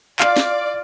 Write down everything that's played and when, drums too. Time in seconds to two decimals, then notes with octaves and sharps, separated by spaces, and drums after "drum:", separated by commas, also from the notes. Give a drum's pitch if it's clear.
0.20 F4 D5 F5, drum: clap
0.37 drum: snare